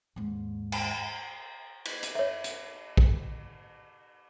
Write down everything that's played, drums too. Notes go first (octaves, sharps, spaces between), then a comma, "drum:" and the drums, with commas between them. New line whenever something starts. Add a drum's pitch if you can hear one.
D#2 G#2
drum: cymbal
drum: cymbal
drum: hi-hat
C#5 E5
drum: hi-hat
drum: kick